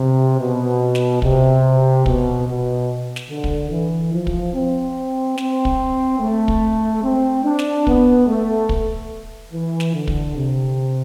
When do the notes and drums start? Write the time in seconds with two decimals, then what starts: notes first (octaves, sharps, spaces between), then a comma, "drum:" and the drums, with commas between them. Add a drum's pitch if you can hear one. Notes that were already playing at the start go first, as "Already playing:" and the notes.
Already playing: C3
0.39 B2
0.95 drum: snare
1.22 C3, drum: kick
2.06 B2, drum: kick
2.47 B2
3.16 drum: snare
3.30 D3
3.44 drum: kick
3.71 E3
4.13 F3
4.27 drum: kick
4.54 C4
5.38 C4, drum: snare
5.65 drum: kick
6.20 A3
6.48 drum: kick
7.03 C4
7.45 D4
7.59 drum: snare
7.87 B3, drum: kick
8.27 A3
8.69 drum: kick
9.52 E3
9.80 drum: snare
9.94 D3
10.08 drum: kick
10.35 C3